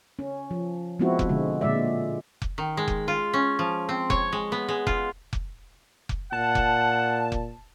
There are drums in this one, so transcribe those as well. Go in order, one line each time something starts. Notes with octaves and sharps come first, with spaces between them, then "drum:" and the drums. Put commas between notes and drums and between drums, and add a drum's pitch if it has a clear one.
C#4
F3
F3 G#3 B3 C4 E4 F#4
drum: kick F1
B2 D3 G#3
A#2 D3 G#3 D5 E5
drum: kick F1
D#3
G#3
drum: kick F1
F4
C#4
F3
C4
C#5, drum: kick F1
G#3
B3
G#3
F4, drum: kick F1
drum: kick F1
drum: kick F1
A#2 F#5 A5
drum: kick F1
drum: kick F1